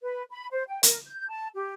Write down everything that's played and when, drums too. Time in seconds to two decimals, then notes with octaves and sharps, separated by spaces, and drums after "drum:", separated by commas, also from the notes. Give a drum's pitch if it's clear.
0.02 B4
0.30 B5
0.52 C5
0.68 G5
0.83 A#4, drum: hi-hat
1.06 G6
1.29 A5
1.55 G4